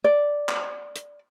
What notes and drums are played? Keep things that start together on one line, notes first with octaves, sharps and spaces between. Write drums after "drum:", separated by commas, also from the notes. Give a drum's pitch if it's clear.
D5
drum: clap
drum: hi-hat